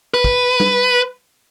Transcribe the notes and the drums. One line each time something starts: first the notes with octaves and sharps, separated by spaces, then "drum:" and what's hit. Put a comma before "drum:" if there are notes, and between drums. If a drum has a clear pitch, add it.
B4
drum: kick
drum: tom G3